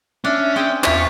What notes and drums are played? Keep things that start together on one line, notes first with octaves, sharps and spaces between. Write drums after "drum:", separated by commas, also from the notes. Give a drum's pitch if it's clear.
C#4 D4 E5
C4 G#4 G5
E2 F4 E5 C#6 B6, drum: clap